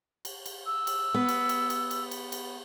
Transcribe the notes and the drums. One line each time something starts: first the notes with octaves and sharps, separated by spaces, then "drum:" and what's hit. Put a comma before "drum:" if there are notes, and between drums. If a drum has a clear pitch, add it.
drum: cymbal
drum: cymbal
E6
drum: cymbal
B3
drum: cymbal
drum: cymbal
drum: cymbal
drum: cymbal
drum: cymbal
drum: cymbal